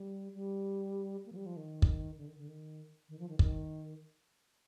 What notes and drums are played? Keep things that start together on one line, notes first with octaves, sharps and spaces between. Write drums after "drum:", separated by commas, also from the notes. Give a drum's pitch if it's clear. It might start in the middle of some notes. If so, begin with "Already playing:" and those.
Already playing: G3
G3
A#3
F3
G3
F3
D#3
drum: kick
D3
D#3
D3
D#3
D#3
F3
D#3
D#3, drum: kick